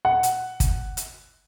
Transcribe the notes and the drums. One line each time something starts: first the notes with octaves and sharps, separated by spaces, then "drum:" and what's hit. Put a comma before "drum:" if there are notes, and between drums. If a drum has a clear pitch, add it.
F#5
drum: hi-hat
drum: kick, hi-hat
drum: hi-hat